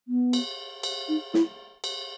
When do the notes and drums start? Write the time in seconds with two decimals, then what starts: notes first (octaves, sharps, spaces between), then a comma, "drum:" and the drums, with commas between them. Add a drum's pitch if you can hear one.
0.08 B3
0.33 drum: cymbal
0.83 drum: cymbal
1.09 D#4
1.34 E4, drum: snare
1.84 drum: cymbal